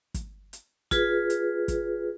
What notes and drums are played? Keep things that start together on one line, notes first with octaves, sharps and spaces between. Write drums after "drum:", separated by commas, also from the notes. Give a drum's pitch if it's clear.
drum: kick, hi-hat
drum: hi-hat
F4 G#4 B4, drum: kick, hi-hat
drum: hi-hat
drum: kick, hi-hat